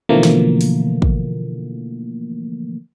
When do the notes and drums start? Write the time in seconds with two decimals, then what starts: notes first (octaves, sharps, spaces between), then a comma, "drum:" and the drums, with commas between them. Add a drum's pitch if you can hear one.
0.09 B2 D3 E3 F3 A3 A#3
0.23 drum: snare
0.61 drum: open hi-hat
1.02 drum: kick